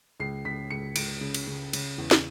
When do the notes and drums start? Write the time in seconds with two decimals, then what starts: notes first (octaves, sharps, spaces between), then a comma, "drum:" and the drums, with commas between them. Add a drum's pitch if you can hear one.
0.20 C#2 C7
0.45 C#2 B6
0.71 C#2 C#7
0.96 C#2 D7, drum: cymbal
1.21 C#3
1.34 drum: cymbal
1.47 C#3
1.73 C#3, drum: cymbal
1.98 E2
2.11 drum: snare